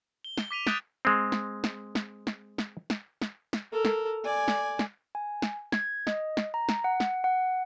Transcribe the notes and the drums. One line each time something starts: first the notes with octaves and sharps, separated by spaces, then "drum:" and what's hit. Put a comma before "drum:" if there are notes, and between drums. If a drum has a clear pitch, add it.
G7
drum: snare
D6 B6 D#7 F7
D#6 F#6 G6 A6 B6 D7, drum: snare
G#3 C4
drum: snare
drum: snare
drum: snare
drum: snare
drum: snare
drum: snare
drum: snare
drum: snare
A4 A#4
drum: snare
D5 G#5
drum: snare
drum: snare
G#5
drum: snare
G#6, drum: snare
D#5, drum: snare
drum: snare
A#5
drum: snare
F#5
drum: snare
F#5